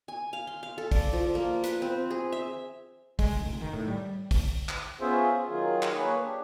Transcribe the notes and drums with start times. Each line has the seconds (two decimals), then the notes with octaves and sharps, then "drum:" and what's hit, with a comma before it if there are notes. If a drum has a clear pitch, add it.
0.08 G#5
0.33 F5
0.47 C6
0.63 F5
0.78 A4
0.91 D5, drum: kick, open hi-hat
1.13 F3
1.35 A#3
1.63 B4, drum: hi-hat
1.82 C4
2.10 G#4
2.32 E5
3.19 G#3, drum: kick, open hi-hat
3.37 F1
3.61 D#3
3.73 A2
3.88 G3
4.31 drum: kick, open hi-hat
4.69 drum: clap
5.01 B3 C#4 F4 G#4 C5 E5
5.48 D#3 F#3 F4 G#4
5.83 drum: clap
5.95 A#3 G#4 B4 C#5
6.24 D4 G4